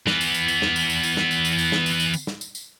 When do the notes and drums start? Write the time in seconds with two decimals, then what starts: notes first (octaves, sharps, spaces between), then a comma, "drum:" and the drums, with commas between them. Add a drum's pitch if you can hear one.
0.07 E3 B3, drum: snare
0.21 drum: tambourine
0.34 drum: tambourine
0.48 drum: tambourine
0.62 drum: snare
0.76 drum: tambourine
0.90 drum: tambourine
1.03 drum: tambourine
1.17 drum: snare
1.31 drum: tambourine
1.45 drum: tambourine
1.58 drum: tambourine
1.72 drum: snare
1.86 drum: tambourine
2.00 drum: tambourine
2.14 drum: tambourine
2.27 drum: snare
2.41 drum: tambourine
2.55 drum: tambourine